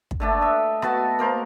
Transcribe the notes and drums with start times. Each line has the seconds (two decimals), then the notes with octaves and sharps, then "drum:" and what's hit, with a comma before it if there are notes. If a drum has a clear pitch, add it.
0.11 drum: kick
0.20 D3 A3 D4
0.41 D#5 E5
0.82 B3 F#4 B4 A5, drum: rim click
1.19 A#3 A#4 C5